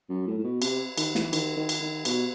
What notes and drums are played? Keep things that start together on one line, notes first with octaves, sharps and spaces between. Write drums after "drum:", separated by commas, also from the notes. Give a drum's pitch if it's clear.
F#2
A2
A2
B2
C3, drum: cymbal
D#3, drum: cymbal
E3, drum: snare
D#3, drum: cymbal
D#3
drum: cymbal
D#3
B2, drum: cymbal